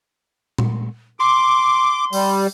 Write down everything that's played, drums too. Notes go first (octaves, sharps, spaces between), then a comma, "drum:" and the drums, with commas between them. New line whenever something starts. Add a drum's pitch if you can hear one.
drum: tom A#2
C6 D6
G3, drum: open hi-hat